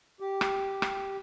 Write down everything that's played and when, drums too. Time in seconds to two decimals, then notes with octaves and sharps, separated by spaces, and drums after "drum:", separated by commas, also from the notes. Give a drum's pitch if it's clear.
0.20 G4
0.41 drum: rim click
0.82 drum: rim click